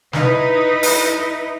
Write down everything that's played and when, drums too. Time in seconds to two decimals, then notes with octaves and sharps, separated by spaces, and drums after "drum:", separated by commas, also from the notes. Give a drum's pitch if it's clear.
0.13 D#4 E4 B4, drum: snare
0.83 drum: open hi-hat